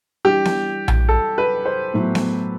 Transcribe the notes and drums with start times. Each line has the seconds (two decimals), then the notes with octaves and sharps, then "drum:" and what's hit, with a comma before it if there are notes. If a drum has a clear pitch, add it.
0.25 E3 G3 D4 G4
0.45 drum: snare B3
0.88 drum: tom A#1
1.09 A4
1.38 B4
1.66 C5
1.94 A2 F#3 B3 E4
2.15 drum: snare B3